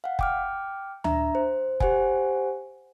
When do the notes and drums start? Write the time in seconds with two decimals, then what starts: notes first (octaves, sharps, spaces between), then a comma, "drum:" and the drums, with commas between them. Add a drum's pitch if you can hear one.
0.04 F5 F#5
0.19 G5 D6 F6, drum: kick F1
1.04 D4 E5 A#5, drum: tom D2
1.35 C5
1.80 G4 C5 F#5 G#5, drum: kick F1